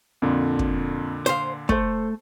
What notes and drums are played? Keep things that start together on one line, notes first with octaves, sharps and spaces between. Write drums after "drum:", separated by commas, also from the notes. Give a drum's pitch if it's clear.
F2 A#2 D3
drum: kick
C5 F5, drum: hi-hat
A3 A4 C5, drum: kick